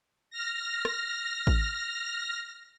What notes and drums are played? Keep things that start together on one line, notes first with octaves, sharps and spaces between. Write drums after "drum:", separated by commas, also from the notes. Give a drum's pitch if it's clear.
F6 A#6
drum: rim click
drum: kick A1